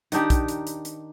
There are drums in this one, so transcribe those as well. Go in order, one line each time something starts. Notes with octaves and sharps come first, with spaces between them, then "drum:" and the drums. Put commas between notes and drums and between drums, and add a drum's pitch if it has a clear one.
D#3 D4 D#4 G4, drum: hi-hat
drum: kick, hi-hat
drum: hi-hat
drum: hi-hat
drum: hi-hat